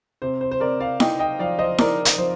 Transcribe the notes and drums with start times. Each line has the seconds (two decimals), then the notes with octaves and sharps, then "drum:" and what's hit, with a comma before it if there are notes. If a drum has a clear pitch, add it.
0.22 C3 C5
0.41 C5
0.51 C5
0.60 C3 A#4 D5
0.80 D5 F5
1.00 D#4 D#5 G5, drum: snare E4
1.19 D#5 G5
1.39 F3 D5 F5
1.59 C5 D#5
1.78 D#4 A#4 D5, drum: snare E4
2.05 drum: hi-hat
2.18 F3 C5